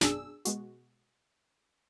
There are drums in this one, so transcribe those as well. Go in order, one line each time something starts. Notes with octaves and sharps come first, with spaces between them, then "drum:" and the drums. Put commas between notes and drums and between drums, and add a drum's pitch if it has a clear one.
G#1 F#2 B2 D4 G#4 E6, drum: snare
B2 G#3 F#4, drum: hi-hat